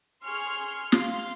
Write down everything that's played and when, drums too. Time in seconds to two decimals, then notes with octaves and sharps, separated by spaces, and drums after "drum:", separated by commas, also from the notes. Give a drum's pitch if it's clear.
0.24 G#4 C6 C#6 F6
0.92 F5 C6, drum: snare